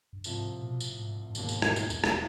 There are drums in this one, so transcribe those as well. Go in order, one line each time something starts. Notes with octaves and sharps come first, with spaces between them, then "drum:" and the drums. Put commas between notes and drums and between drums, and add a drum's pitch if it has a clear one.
G2
C2 G#2 C3 F3, drum: tambourine
A2
B2
A2, drum: tambourine
G#2
A2
G2
E1 D#2 G#2 D#3, drum: tambourine
drum: tambourine
drum: rim click
drum: tambourine
E2, drum: tambourine
drum: rim click